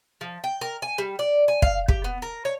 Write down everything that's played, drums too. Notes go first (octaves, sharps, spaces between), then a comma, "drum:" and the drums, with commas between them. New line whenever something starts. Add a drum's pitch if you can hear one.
F3
G5
A#4
G#5
G3
D5
G#5
F5, drum: kick
G4, drum: kick
B3
A#4
C#5